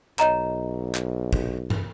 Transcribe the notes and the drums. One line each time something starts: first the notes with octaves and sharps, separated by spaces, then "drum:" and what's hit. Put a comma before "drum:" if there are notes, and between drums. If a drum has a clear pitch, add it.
B1 C#5 D#5 A#5, drum: clap
drum: clap
drum: kick
drum: tom